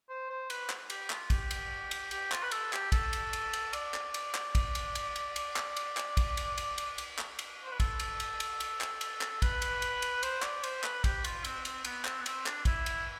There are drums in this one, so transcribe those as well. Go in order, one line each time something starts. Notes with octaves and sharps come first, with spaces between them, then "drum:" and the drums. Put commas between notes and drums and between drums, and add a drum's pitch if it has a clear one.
C5
C5
B4, drum: cymbal
drum: clap
G4, drum: cymbal
F4, drum: clap
G4, drum: kick, cymbal
drum: cymbal
drum: cymbal
G4, drum: cymbal
F4, drum: clap
B4
A4, drum: cymbal
G4, drum: clap
A4, drum: kick, cymbal
drum: cymbal
drum: cymbal
drum: cymbal
D5, drum: cymbal
drum: clap
drum: cymbal
drum: clap
drum: kick, cymbal
drum: cymbal
drum: cymbal
drum: cymbal
drum: cymbal
drum: clap
drum: cymbal
drum: clap
drum: kick, cymbal
drum: cymbal
drum: cymbal
drum: cymbal
drum: cymbal
drum: clap
drum: cymbal
C5
B4
A4, drum: kick, cymbal
drum: cymbal
drum: cymbal
drum: cymbal
drum: cymbal
drum: clap
drum: cymbal
drum: clap
B4, drum: kick, cymbal
drum: cymbal
drum: cymbal
drum: cymbal
C5, drum: cymbal
D5, drum: clap
C5, drum: cymbal
B4, drum: clap
G4, drum: kick, cymbal
F4, drum: cymbal
C4, drum: cymbal
C4, drum: cymbal
B3, drum: cymbal
C4, drum: clap
B3
C4, drum: cymbal
D4, drum: clap
E4, drum: kick, cymbal
drum: cymbal